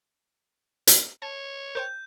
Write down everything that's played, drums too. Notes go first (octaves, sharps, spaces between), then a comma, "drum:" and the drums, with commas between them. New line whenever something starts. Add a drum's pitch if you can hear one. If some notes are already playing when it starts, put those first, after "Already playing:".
drum: hi-hat
C#5 A5
A#4 C5 G5 G6